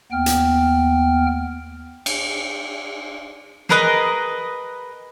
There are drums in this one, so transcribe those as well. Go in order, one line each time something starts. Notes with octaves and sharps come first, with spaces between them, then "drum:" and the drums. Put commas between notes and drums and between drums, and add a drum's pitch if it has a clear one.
D#2 B3 G5 F6
drum: hi-hat
drum: cymbal
G#4 A#4 B4 D#5, drum: snare